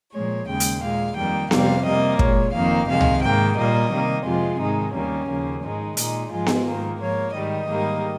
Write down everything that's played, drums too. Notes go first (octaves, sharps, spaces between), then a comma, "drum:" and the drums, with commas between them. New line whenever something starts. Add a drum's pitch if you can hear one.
A#2 F3 G#3 C#5
D#2 C#3 G#3 G5
drum: hi-hat
A#2 G#3 F5
F2 D#3 G3 A#3 G5
F2 C3 G3 A#3 F5, drum: snare B3
C3 G3 A#3 D#5
A#2 G#3 C#5, drum: kick
F2 D#3 A#3 F5
F2 C3 D#3 G#3 F5
drum: tom C2
G#2 D#3 A#3 G5
A#2 G3 A#3 D#5
C3 D#3 G3 A#3
F2 C3 F3 G#3 F4
G#2 D#3 G#3 D#4
D#2 D#3 G3 A#3 C#4
D#2 C#3 F3 A#3
G#2 D#3 G#3 D#4
A#2 G#3 D#4, drum: hi-hat
G#2 F3 G#3 F4
drum: snare B3
G#2 D#3 A#3
G#2 F3 A#3 C#5
G#2 D#3 G3 D#5
G#2 D#3 G3 A#3